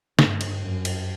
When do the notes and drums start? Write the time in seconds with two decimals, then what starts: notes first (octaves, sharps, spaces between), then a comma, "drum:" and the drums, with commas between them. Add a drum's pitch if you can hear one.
0.19 G2, drum: snare
0.41 drum: cymbal
0.62 F#2
0.85 drum: cymbal